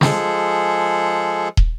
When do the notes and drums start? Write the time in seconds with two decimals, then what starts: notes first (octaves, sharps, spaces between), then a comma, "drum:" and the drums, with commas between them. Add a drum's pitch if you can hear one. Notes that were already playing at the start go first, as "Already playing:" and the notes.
0.01 F3 G#3 G#4 A4, drum: snare
1.57 drum: kick